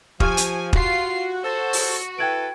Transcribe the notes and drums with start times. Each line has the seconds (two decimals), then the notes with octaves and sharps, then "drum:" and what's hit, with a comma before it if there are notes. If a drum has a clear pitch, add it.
0.20 F3 G4 G#5 C#6 F6, drum: kick
0.37 drum: hi-hat
0.73 F4 F#4 C7, drum: kick
1.43 F#4 A4 C5
1.73 drum: open hi-hat
2.18 E4 A4 B4 G5 G#6 D7